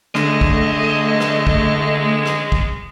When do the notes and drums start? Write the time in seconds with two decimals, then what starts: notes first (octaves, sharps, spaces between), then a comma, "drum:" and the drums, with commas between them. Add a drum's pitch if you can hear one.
0.15 D3 G#3 A3 D#5, drum: rim click
0.41 drum: kick
1.20 drum: rim click
1.47 drum: kick
2.26 drum: rim click
2.52 drum: kick